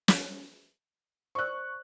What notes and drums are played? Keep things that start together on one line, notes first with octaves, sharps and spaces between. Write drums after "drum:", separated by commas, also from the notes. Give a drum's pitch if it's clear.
drum: snare
C5 D5 C#6 E6 F#6